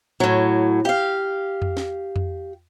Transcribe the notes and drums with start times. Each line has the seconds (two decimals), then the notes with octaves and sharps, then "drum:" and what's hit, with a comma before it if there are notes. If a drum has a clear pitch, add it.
0.20 A2 F#3
0.85 G4 F5
1.62 drum: tom F2
1.77 drum: snare
2.16 drum: tom F2